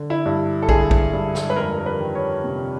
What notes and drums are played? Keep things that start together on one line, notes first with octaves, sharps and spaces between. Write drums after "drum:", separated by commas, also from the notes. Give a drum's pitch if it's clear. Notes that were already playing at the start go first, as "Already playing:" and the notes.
Already playing: D3
E4
G2
A4
D3 G#4, drum: kick
drum: kick
G2
drum: snare
B4
F2 A#4
A#4
B4
D#3
C#5
C3